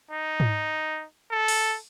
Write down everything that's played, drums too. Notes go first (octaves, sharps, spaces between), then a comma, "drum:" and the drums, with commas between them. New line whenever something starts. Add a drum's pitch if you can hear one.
D#4
drum: tom G#2
A4
drum: open hi-hat